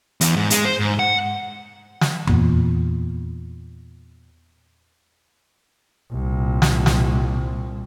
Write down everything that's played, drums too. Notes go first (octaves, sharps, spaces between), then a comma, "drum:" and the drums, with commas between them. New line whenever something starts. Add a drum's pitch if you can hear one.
E2, drum: hi-hat
G#2
G#3, drum: hi-hat
C5
G#2
F#5
drum: snare
E2 A#2, drum: tom F2
C2 A#2
drum: snare
drum: snare